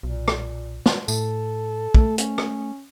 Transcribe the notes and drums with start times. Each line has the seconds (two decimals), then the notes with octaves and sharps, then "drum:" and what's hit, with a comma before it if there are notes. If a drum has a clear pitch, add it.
0.03 B1 A#2
0.28 drum: rim click
0.86 drum: snare
1.08 A2 A4, drum: tambourine
1.95 A3, drum: kick
2.18 C#4, drum: hi-hat
2.38 drum: rim click